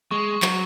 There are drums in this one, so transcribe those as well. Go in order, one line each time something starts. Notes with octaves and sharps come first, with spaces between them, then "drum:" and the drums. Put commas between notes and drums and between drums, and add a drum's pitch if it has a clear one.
G#3 C#6
F#3, drum: clap